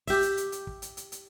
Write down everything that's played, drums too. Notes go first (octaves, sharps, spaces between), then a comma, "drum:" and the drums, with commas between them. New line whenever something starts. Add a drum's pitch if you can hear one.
G4 E5, drum: kick, open hi-hat
drum: hi-hat
drum: hi-hat
drum: hi-hat
drum: kick
drum: hi-hat
drum: hi-hat
drum: hi-hat